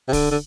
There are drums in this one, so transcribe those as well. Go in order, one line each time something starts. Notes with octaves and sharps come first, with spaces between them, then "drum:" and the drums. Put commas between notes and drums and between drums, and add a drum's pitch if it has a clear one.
C3
D3, drum: kick D1, open hi-hat
D3